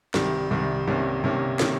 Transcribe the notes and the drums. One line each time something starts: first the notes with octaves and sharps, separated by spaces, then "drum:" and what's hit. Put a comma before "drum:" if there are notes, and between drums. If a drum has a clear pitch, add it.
C2 C3 D#3 G3, drum: snare
C2 C3 D#3 G3
C2 C3 D#3 A#3 C#4
C2 C3 D#3 A#3 C#4
C3 D#3 A#3 C#4, drum: snare